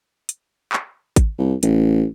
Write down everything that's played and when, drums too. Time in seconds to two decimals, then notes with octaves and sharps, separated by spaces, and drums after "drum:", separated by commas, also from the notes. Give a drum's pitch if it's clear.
0.29 drum: hi-hat
0.73 drum: clap
1.16 drum: kick G#1, hi-hat
1.38 C2
1.63 A1, drum: hi-hat